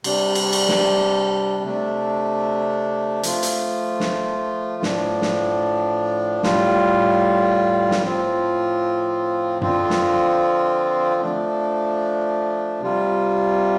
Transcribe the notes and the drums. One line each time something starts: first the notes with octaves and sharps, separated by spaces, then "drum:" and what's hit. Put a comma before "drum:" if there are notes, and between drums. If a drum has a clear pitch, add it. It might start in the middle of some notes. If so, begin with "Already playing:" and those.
C3 G3 D4, drum: cymbal
drum: cymbal
drum: cymbal
drum: snare
C3 A3 D4
F3 A3 F4, drum: hi-hat
drum: hi-hat
drum: snare
A2 F3 D4, drum: snare
drum: snare
A2 G3 F4, drum: snare
drum: snare
A2 F3 C4 F4
D3 F3 C4 F4, drum: tom F#2
drum: snare
F3 A3 D4
C3 G3 F4